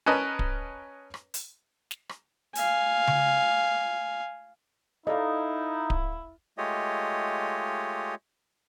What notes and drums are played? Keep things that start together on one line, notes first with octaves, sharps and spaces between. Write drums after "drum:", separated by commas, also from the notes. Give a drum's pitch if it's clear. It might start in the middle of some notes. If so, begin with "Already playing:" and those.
C#4 A#4 B4 D#5 A5
drum: kick D1
drum: rim click
drum: hi-hat
drum: snare
drum: rim click
F5 G#5, drum: hi-hat
drum: tom C#3
D#4 E4 A4 D5 D#5 F5
drum: kick D1
G#3 A3 F4 G4 C#5 D#5